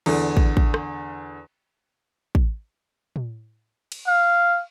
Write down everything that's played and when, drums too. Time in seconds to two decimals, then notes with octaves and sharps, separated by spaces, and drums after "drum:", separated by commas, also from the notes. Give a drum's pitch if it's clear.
0.06 E2 D3, drum: cymbal
0.37 drum: kick
0.57 drum: kick
0.74 drum: rim click
2.35 drum: kick
3.16 drum: tom
3.92 drum: cymbal
4.08 F5